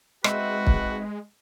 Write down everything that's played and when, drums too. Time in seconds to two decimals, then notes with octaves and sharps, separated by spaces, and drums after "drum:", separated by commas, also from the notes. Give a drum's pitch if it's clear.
0.24 G#3 C4 D#4 F#4 B4 E5, drum: rim click
0.67 drum: kick